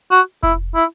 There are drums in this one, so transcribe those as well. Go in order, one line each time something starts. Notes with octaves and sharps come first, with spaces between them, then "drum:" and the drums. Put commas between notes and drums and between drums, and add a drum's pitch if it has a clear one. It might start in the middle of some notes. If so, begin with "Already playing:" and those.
F#4
E4, drum: kick F1
E4